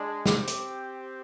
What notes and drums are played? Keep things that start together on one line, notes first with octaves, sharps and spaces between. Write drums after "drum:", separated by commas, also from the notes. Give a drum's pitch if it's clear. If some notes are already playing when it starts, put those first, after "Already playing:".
Already playing: G#3 D4
C4 G4 D6, drum: snare
drum: hi-hat